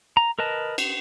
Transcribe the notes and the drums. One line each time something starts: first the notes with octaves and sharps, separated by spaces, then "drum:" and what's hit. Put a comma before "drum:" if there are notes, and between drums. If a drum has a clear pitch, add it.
A#5
A#4 B4 D#5 A5
drum: cymbal